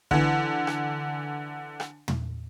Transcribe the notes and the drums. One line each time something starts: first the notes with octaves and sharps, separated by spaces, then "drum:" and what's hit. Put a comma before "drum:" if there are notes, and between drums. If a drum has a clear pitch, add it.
D3 E3, drum: kick
drum: rim click
drum: rim click
drum: tom